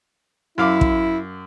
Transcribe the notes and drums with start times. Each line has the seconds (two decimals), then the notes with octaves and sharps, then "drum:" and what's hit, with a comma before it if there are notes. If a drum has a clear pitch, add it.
0.58 F#2 E4 F5 D6
0.81 drum: kick